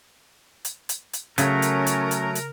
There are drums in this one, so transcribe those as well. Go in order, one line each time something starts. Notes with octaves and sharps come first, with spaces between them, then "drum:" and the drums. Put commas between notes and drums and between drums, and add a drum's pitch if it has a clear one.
drum: hi-hat
drum: hi-hat
drum: hi-hat
C#3 F#3 A3 C#4 A#4 A#5, drum: hi-hat
drum: hi-hat
drum: hi-hat
drum: hi-hat
drum: hi-hat